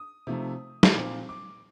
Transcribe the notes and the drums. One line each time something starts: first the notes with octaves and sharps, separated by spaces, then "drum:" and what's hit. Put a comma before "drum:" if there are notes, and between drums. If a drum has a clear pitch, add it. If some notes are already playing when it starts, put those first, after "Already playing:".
Already playing: D#6
C3 F3 A3 D#4
drum: snare
A#2 F3 C4 D#4 D6
D6